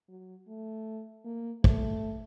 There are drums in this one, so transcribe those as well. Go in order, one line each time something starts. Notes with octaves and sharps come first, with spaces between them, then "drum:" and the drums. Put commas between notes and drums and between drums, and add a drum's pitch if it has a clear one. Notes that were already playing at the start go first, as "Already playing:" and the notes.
F#3
A3
A#3
A3, drum: kick